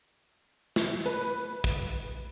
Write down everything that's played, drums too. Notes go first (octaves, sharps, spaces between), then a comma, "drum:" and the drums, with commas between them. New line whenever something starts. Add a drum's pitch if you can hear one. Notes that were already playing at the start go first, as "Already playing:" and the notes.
drum: snare
B4, drum: hi-hat
drum: kick